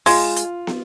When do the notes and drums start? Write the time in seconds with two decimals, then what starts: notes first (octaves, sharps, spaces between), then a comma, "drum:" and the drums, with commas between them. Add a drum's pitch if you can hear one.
0.06 G#3 F4, drum: open hi-hat
0.36 drum: hi-hat
0.67 drum: snare